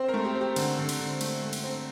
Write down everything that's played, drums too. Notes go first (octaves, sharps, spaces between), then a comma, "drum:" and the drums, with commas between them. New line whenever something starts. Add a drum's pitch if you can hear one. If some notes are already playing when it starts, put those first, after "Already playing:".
Already playing: C4 C5
A#4
A3
G4
C4
G4
D3, drum: cymbal
D3
drum: cymbal
D3
A3, drum: cymbal
A3
drum: cymbal
C4